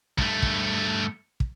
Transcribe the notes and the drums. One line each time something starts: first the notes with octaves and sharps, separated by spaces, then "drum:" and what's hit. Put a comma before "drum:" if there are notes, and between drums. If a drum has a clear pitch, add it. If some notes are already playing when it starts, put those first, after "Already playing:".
G2 A3, drum: kick
drum: kick
drum: kick